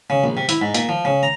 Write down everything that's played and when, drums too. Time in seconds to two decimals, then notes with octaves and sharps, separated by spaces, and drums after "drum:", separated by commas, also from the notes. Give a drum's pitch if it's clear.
0.10 C#3
0.24 A#1
0.37 C3
0.49 E4, drum: hi-hat
0.62 G#2
0.75 A#2, drum: hi-hat
0.89 F3
1.05 C#3
1.23 A#5